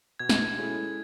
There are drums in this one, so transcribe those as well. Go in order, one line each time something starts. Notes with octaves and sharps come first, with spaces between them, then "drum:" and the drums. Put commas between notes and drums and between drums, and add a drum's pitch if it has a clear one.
B2 G#6
drum: snare
G#3 C#4 E4 A4